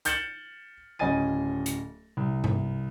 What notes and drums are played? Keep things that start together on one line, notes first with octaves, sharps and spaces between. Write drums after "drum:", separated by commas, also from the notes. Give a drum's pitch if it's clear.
F6 G6 A6 C#7 E7 F#7, drum: hi-hat
D1 C#3 D#5 G#5 A6 D#7
drum: hi-hat
C2
drum: tom G2